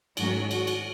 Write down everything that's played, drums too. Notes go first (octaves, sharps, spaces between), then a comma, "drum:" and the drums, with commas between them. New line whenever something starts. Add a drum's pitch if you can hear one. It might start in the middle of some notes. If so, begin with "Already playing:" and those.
G#2 D#3 F#3 A3 C#4 F#4, drum: cymbal
F#4, drum: cymbal
drum: cymbal